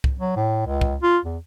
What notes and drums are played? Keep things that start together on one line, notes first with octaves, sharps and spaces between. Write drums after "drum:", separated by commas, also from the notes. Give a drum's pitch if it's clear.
drum: kick C2
F#3
A2
C#2
drum: kick C2
F4
E2